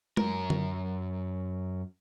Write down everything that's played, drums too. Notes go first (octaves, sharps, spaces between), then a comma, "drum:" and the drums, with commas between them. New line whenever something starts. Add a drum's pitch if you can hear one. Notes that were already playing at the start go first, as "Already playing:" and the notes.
F#2 A#4, drum: tom G#3
drum: tom D3